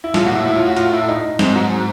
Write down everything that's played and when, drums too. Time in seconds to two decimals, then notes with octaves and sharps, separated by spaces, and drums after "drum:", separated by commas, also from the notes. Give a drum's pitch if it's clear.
0.04 E4
0.14 A2 F4, drum: snare
0.25 A#2 F#4
0.35 A2 E4
0.46 A2 E4
0.56 F4
0.66 F#4
0.76 F4, drum: hi-hat
0.93 E4
1.08 D#4
1.39 G#2 C4, drum: snare
1.55 F#3